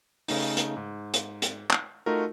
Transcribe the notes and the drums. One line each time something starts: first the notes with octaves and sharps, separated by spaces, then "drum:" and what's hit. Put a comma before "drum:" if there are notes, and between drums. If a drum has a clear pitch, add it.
C#3 A3 D#4, drum: open hi-hat
drum: hi-hat
G#2
drum: hi-hat
drum: hi-hat
drum: clap
A3 D#4 F4 F#4 A#4